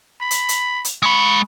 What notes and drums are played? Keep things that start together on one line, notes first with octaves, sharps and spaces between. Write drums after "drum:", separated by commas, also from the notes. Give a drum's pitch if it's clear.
B5
drum: hi-hat
drum: hi-hat
drum: hi-hat
G#3 B5 C#6